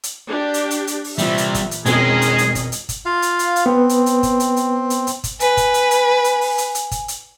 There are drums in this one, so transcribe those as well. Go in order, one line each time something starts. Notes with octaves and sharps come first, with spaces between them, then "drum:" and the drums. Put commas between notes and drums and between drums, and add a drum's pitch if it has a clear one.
drum: hi-hat
D4 G4
drum: hi-hat
drum: hi-hat
drum: hi-hat
drum: open hi-hat
A#2 E3 G3 C4 E4 E5, drum: hi-hat
drum: hi-hat
drum: kick, hi-hat
drum: hi-hat
E1 F2 D#3 G#3 C4 C#4 G#4 D#5, drum: hi-hat
drum: hi-hat
drum: hi-hat
drum: kick, hi-hat
drum: hi-hat
drum: kick, hi-hat
F4 F5
drum: hi-hat
drum: hi-hat
drum: hi-hat
B3 C4 B4
drum: hi-hat
drum: hi-hat
drum: kick, hi-hat
drum: hi-hat
drum: hi-hat
drum: hi-hat
drum: hi-hat
drum: kick, hi-hat
B4 G#5, drum: hi-hat
drum: kick, hi-hat
drum: hi-hat
drum: hi-hat
drum: hi-hat
drum: open hi-hat
drum: hi-hat
drum: hi-hat
drum: kick, hi-hat
drum: hi-hat